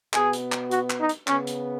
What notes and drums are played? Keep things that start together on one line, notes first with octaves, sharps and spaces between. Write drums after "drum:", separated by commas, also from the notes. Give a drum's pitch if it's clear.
B2 B3 G#4, drum: clap
drum: hi-hat
drum: clap
F#4, drum: hi-hat
drum: clap
D#4
drum: hi-hat
C#3 B3 C#4, drum: clap
drum: hi-hat